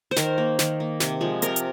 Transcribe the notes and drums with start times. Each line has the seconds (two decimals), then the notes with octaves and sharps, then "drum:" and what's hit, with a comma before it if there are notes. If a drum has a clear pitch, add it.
0.11 C5
0.16 D#3 A#4, drum: snare
0.38 A#3
0.59 D#3, drum: snare
0.80 A#3
1.00 C3, drum: snare
1.21 F3 G#3
1.42 C3 A#4, drum: hi-hat
1.56 drum: hi-hat